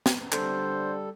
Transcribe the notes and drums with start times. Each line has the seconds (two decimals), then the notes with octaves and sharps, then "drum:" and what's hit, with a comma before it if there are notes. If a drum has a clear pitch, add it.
0.06 drum: snare
0.32 D3 G3 A4 C5, drum: clap